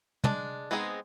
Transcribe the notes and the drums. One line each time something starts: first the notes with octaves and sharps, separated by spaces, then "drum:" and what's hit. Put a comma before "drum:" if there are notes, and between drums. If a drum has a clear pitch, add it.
G#3 D4, drum: tom
G#3 B3 C4 D#4 G#4